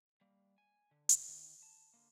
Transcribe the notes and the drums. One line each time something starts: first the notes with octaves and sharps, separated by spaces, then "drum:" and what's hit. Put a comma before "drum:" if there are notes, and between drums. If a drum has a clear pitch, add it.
G3 A#3
G#5
D3
drum: hi-hat
D#3
A5
D3 A#3